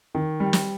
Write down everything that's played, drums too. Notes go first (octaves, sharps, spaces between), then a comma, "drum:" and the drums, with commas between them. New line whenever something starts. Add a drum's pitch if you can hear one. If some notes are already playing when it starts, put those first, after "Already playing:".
D#3
G3
drum: snare